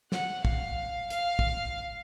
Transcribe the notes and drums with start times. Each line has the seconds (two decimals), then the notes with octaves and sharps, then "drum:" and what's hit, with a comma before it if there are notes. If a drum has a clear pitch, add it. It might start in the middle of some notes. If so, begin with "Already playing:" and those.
0.12 F#5, drum: snare
0.45 F5, drum: kick
1.10 F5, drum: hi-hat
1.39 drum: kick